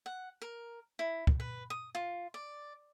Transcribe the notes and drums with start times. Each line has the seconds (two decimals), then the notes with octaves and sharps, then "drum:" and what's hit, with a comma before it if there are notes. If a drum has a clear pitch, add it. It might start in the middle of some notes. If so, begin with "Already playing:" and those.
0.06 F#5
0.42 A#4
0.99 E4
1.27 drum: kick
1.40 B4
1.70 D#6
1.95 F4
2.34 D5